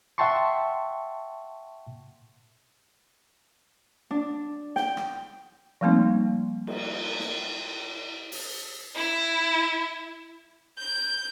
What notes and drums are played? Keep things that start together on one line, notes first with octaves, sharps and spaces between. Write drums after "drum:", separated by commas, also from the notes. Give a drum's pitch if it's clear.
E5 F#5 G5 A5 C6 C#6
D4
G5, drum: snare
drum: rim click
F3 G3 A3 A#3 C4 D#4
drum: cymbal
drum: snare
drum: open hi-hat
E4
G6